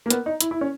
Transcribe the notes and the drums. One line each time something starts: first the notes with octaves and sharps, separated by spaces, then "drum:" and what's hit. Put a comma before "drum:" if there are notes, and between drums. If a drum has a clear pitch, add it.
A#3
B3, drum: hi-hat
D#4
E4, drum: hi-hat
E4
C#4